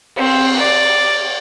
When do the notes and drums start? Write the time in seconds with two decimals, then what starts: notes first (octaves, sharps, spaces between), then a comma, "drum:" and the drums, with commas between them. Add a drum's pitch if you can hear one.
0.16 C4, drum: cymbal
0.55 D5